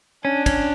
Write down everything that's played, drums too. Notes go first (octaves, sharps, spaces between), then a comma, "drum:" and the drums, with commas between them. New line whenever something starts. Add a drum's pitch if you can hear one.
C#4 D4
C#4, drum: kick, cymbal